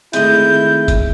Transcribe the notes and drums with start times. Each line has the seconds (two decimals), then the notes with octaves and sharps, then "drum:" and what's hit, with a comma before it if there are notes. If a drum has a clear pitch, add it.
0.13 D#3 G#3 A3 C4 E4 D#5 G6, drum: hi-hat
0.88 drum: kick F#1, hi-hat